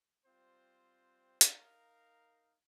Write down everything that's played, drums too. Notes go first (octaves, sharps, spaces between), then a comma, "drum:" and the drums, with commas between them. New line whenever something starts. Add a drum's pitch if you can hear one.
G3 C4 F4 C5
D#4 A#4 F5, drum: hi-hat